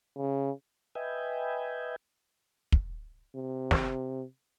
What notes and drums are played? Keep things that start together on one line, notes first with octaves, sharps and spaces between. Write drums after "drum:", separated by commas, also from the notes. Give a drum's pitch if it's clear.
C#3
B4 D#5 E5 G5 G#5
drum: kick
C3
drum: snare